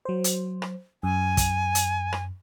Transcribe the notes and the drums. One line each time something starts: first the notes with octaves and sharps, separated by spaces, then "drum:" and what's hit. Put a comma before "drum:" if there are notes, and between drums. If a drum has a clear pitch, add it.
F#3 C5
drum: hi-hat
drum: rim click
F#2 G#5
drum: kick, hi-hat
drum: hi-hat
drum: rim click